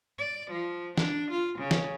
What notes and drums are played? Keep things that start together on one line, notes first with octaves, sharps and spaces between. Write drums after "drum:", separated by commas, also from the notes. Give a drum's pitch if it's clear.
D5
F3
D4, drum: snare
F4
C#3
drum: snare